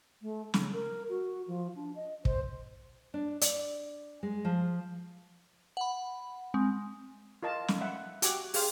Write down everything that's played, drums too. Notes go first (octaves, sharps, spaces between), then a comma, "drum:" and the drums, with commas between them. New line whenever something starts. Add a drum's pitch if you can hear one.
A3
C#3, drum: snare
A#4
F#4
F3
D4
D#5
C5, drum: kick
D4
D5, drum: hi-hat
G#3
F3
F#5 B5
G#3 C4
F4 A#4 D#5 A5
drum: snare
E5 F#5 B5
F#4 G4 G#5 D6, drum: hi-hat
G4 G#4 F5 C6, drum: open hi-hat